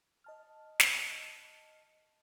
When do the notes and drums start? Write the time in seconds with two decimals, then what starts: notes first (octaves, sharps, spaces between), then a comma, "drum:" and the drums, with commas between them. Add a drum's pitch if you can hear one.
0.24 D#5 A5 F6
0.80 drum: snare